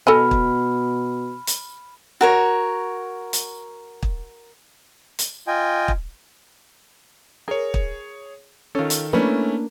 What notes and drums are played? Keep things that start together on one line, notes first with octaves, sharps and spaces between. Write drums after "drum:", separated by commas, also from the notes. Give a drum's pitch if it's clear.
B2 A4 D#5 G#5 B5 F6
drum: kick
drum: hi-hat
F#4 A#4 C#5
drum: hi-hat
drum: kick
drum: hi-hat
F4 D#5 G5 G#5
drum: kick
G#4 A#4 C#5
drum: kick
D#3 C#4 F4 A4
drum: hi-hat
A3 A#3 C#4 D4 E4 B4